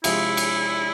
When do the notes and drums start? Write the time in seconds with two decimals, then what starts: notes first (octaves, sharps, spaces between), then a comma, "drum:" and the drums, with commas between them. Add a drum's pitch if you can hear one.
0.04 C3 F3 G#3 C4 E4, drum: cymbal
0.37 drum: cymbal